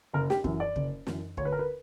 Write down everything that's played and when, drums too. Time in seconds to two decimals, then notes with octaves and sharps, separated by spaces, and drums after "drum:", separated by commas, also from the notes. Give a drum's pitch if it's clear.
0.13 F#1 A#4
0.30 G4, drum: snare
0.44 F#2 E3, drum: kick
0.60 D5
0.76 F#1, drum: kick
1.07 F#2 E3, drum: snare
1.37 D2 C#5, drum: kick
1.45 B4
1.52 A#4
1.59 B4